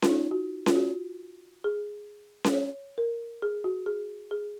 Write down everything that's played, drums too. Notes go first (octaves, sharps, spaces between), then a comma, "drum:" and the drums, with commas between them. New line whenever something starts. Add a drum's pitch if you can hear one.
F4, drum: snare C#4
D#4
F#4
F4, drum: snare C#4
F#4
G#4
drum: snare C#4
C#5
A#4
G#4
F#4
G#4
G#4